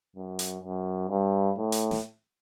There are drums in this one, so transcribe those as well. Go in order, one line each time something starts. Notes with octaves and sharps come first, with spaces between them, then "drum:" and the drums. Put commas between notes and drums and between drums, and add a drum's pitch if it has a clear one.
F#2
drum: hi-hat
F#2
G2
A2
drum: hi-hat
drum: snare